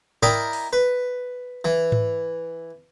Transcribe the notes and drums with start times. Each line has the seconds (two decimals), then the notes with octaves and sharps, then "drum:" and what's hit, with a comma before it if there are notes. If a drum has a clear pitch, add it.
0.23 E4 A#4 D5 D#5 G5 B5, drum: tom G#2
0.53 drum: open hi-hat
0.73 B4
1.64 E3
1.92 drum: tom G#2